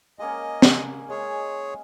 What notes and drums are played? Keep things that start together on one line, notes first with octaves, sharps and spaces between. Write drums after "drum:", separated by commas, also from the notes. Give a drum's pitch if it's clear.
G#3 A#3 C#4 D#5
drum: snare C4
G#3 G#4 C#5